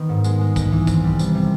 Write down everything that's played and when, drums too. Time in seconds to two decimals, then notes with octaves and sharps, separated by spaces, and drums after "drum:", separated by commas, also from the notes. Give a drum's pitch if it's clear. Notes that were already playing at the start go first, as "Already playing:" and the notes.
Already playing: D#3 B3
0.09 G#2
0.24 G#3, drum: tambourine
0.41 G#3
0.56 G#3, drum: kick A#1, tambourine
0.72 E3
0.87 C4, drum: kick A#1, tambourine
1.04 G3
1.19 C3, drum: tambourine
1.35 C3